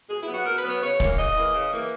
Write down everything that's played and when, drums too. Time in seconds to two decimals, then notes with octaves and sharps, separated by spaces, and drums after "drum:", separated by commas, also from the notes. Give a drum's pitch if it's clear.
0.09 B2 G#4
0.21 E4
0.26 F#3 B3
0.33 F#4
0.44 B2 A#4
0.57 B4
0.63 F#3 B3
0.69 C#5
0.82 C#3 C#5
1.00 E3 A#3, drum: kick
1.18 C#3 D#5
1.36 E3 A#3
1.55 C#3
1.72 E3 A#3